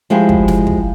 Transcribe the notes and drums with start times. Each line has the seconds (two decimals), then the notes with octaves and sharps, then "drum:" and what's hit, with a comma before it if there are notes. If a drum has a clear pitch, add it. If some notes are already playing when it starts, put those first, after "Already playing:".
0.10 F3 G#3 E4 G4 G#4
0.29 drum: kick
0.48 drum: snare
0.67 drum: kick